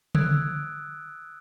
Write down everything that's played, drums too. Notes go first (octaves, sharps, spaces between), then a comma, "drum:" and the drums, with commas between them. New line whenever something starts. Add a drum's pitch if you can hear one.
D#6 E6 F#6 G#6 D7, drum: tom